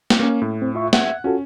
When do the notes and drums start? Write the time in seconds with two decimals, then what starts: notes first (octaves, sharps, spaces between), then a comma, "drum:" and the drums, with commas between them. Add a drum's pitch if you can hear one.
0.10 drum: snare
0.19 A#3 C#4
0.42 A2
0.62 C4
0.75 F4 E5 C#6
0.93 E5 F#5 G#6, drum: snare
1.24 C#4 F4 F#4 A4